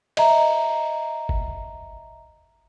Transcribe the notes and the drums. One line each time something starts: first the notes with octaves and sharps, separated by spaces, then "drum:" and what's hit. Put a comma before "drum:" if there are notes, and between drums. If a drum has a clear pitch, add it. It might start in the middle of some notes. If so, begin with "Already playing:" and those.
D#5 E5 A#5, drum: cymbal
drum: kick G1